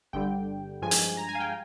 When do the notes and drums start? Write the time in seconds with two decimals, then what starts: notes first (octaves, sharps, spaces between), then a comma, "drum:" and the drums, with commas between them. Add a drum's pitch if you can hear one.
0.13 G1 G2 D3 G3 G5
0.82 G2 F3 G#3 G#5
0.91 drum: hi-hat
1.17 A#5
1.29 G#5
1.35 F5
1.40 G5